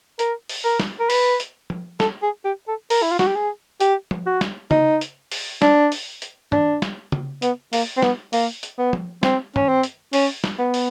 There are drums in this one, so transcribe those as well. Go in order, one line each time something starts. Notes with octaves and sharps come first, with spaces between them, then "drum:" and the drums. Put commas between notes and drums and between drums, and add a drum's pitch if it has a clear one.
A#4, drum: hi-hat
drum: open hi-hat
A#4
drum: snare
A#4
B4, drum: open hi-hat
drum: hi-hat
drum: tom
A4, drum: snare
G#4
G4
A4
A#4, drum: open hi-hat
E4
F4
F#4, drum: snare
G4
G#4
G4, drum: hi-hat
drum: tom
F#4
drum: snare
D#4, drum: tom
drum: hi-hat
drum: open hi-hat
D4, drum: snare
drum: open hi-hat
drum: hi-hat
D4, drum: tom
drum: snare
drum: tom
B3, drum: hi-hat
A#3, drum: open hi-hat
C4
B3, drum: snare
A#3, drum: open hi-hat
drum: hi-hat
B3
drum: tom
C4, drum: snare
C#4, drum: tom
C4
drum: hi-hat
C#4, drum: open hi-hat
drum: snare
B3
drum: open hi-hat